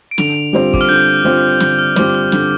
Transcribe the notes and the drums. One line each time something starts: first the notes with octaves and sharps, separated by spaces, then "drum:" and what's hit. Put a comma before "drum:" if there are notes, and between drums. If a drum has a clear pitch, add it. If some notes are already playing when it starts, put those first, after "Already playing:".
D7
D3 F7, drum: snare
G3 C4 F4 C5
D6, drum: kick
F6
D3 G6
G3 C4 F4 C5
D3 F6, drum: snare
F6
G3 C4 F4 C5 D6, drum: snare
F6
D3 G6, drum: snare